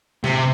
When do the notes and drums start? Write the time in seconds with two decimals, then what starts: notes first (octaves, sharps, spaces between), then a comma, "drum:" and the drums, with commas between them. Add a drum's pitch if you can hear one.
0.24 C3, drum: snare